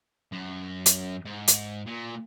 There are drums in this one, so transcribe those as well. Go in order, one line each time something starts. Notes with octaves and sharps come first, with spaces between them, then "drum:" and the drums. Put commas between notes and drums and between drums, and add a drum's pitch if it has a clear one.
F#2
drum: hi-hat
G#2
drum: hi-hat
A#2